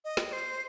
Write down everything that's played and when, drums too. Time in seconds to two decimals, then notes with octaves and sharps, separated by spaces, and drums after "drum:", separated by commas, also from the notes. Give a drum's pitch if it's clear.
0.04 D#5
0.17 drum: snare
0.32 C5